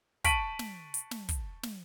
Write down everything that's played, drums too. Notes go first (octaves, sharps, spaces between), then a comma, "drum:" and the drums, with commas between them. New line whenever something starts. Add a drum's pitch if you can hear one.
A5 C#6 B6 D7 D#7 F#7, drum: kick, hi-hat
drum: snare
drum: hi-hat
drum: snare
drum: kick, hi-hat
drum: snare